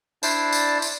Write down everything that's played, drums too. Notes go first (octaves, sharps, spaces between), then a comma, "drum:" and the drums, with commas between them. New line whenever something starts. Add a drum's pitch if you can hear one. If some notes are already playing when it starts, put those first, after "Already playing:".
D4 E4 C5 D5 A5, drum: tambourine
drum: tambourine
drum: tambourine